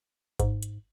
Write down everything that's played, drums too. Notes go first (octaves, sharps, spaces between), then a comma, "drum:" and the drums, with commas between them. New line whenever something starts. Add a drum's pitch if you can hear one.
G#2, drum: kick G#1, hi-hat
drum: hi-hat